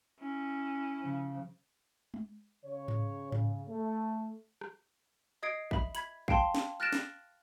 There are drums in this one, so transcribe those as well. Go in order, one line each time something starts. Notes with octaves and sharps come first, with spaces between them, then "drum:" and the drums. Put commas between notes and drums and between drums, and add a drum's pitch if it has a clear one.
C#4 E4
C#3 F3
drum: tom G#3
C#3 C#5
drum: tom G#2
C#3, drum: tom G#2
A3
drum: rim click
D#5 D#6 G#6 C7 D7
E5 B5, drum: kick
B5 G#6 B6, drum: hi-hat
F5 G5 A5 C6, drum: kick
drum: snare
F6 F#6 A6 A#6 D7 E7
drum: snare